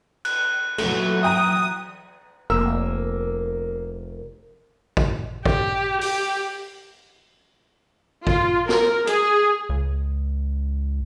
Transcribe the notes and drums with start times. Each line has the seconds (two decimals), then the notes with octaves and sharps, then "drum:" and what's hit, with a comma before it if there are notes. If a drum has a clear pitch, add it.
0.25 F#6, drum: cymbal
0.78 A#2 E3 F#3 A3, drum: cymbal
1.22 E5 G5 A#5 D#6
2.50 F1 A#3 A#4 E6
4.97 drum: kick G#1
5.45 G4, drum: kick G#1
6.01 G4, drum: open hi-hat
8.27 F4, drum: kick G#1
8.69 A#4, drum: snare
9.07 G#4, drum: hi-hat
9.69 C#2